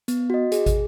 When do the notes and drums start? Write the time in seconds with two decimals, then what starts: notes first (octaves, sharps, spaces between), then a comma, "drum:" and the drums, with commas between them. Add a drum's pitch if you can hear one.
0.08 B3, drum: hi-hat
0.30 F#4 D#5
0.52 G#4, drum: hi-hat
0.66 drum: kick, hi-hat